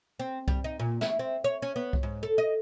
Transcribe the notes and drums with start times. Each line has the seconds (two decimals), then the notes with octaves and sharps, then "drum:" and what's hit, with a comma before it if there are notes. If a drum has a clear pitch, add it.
0.20 C4
0.48 G3, drum: kick C2
0.64 D#4
0.80 A#2
1.01 E4, drum: snare
1.19 C4
1.44 C#5
1.62 C#4
1.76 B3
1.93 drum: kick C2
2.03 G#2
2.23 A4
2.38 D#5